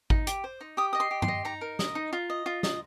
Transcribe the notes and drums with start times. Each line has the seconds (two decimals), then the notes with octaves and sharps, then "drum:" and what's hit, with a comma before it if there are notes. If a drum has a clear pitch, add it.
0.10 D#4, drum: kick G#1
0.27 G4, drum: hi-hat
0.44 C5
0.61 D#4
0.77 G4 D#6
0.93 D#5 D#6
1.00 C6
1.11 G4
1.22 C6, drum: tom G2
1.28 D#5
1.45 D#4 A#5
1.61 A#4
1.79 D#5, drum: snare
1.95 D#4
2.13 F4
2.30 D#5
2.46 F4
2.63 D#5, drum: snare